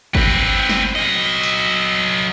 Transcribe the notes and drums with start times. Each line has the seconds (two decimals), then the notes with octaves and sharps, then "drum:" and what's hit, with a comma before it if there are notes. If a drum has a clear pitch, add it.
0.15 C4 B4, drum: kick
0.69 drum: snare
0.95 F#3 D#5
1.43 drum: tambourine